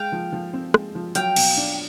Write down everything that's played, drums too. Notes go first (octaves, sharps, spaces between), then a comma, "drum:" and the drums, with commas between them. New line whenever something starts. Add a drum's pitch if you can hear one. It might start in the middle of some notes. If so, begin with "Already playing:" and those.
Already playing: G#3 F5 G5
F3
F3
C4
G#3, drum: rim click
F3
F#3 F5 G5, drum: hi-hat
B2, drum: cymbal
D4